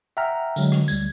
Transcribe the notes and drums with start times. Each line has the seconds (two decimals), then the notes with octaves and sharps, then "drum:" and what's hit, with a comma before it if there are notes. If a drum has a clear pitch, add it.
0.17 E5 F#5 G5 A#5 F6
0.56 D3 F#3 G#3, drum: tambourine
0.72 drum: rim click
0.88 D2 G3 G#6, drum: tambourine